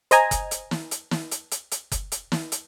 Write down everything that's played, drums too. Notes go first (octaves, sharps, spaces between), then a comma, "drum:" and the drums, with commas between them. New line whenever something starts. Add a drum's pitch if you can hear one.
C5 D#5 G#5 A#5, drum: hi-hat
drum: kick F#1, hi-hat
drum: hi-hat
drum: snare
drum: hi-hat
drum: snare
drum: hi-hat
drum: hi-hat
drum: hi-hat
drum: kick F#1, hi-hat
drum: hi-hat
drum: snare
drum: hi-hat